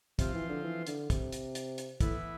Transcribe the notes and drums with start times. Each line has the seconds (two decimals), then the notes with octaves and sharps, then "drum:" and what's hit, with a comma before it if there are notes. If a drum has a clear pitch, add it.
0.19 C3 F3 C4 F4, drum: kick, hi-hat
0.34 E3
0.49 D3
0.64 E3
0.87 D3, drum: hi-hat
1.10 C3, drum: kick, hi-hat
1.32 drum: hi-hat
1.55 drum: hi-hat
1.78 drum: hi-hat
2.01 A2 E3 B3 E4, drum: kick, hi-hat